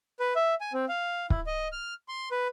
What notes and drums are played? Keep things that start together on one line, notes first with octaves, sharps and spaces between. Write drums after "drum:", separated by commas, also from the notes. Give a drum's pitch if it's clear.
B4
E5
G#5
C4
F5
E4, drum: kick
D#5
F6
C6
B4